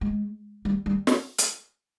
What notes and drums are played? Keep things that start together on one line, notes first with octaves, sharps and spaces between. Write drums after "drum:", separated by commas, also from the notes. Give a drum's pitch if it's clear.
G#3
G3
G3
drum: snare
drum: hi-hat